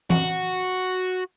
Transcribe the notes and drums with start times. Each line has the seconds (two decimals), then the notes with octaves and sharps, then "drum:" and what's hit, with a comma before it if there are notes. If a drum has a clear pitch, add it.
0.10 F#4, drum: tom E3